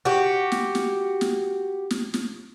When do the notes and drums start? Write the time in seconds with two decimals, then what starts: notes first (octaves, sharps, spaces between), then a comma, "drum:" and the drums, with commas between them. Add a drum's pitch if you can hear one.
0.05 F#4 G4
0.52 drum: snare
0.75 drum: snare
1.21 drum: snare
1.91 drum: snare
2.14 drum: snare